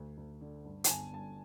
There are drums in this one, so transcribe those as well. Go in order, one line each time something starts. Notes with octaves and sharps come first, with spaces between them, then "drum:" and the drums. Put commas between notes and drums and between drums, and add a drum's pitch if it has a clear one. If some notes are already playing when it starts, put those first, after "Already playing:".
Already playing: D2
D2
D3
G2
A5, drum: hi-hat
G1 G#5
G2 A5